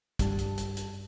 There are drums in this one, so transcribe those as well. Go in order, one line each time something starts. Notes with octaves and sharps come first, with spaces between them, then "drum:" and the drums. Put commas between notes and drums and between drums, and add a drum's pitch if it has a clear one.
G2 G3 A5, drum: kick, hi-hat
drum: hi-hat
drum: hi-hat
drum: hi-hat